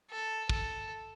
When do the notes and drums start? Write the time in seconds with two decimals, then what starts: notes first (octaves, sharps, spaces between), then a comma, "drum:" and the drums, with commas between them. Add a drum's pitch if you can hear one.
0.11 A4
0.49 A4, drum: kick